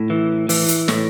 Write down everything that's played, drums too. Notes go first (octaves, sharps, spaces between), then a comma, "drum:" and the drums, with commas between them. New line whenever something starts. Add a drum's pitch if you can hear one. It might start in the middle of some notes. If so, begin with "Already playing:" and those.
Already playing: A2
E3
E3, drum: open hi-hat
drum: hi-hat
A2, drum: snare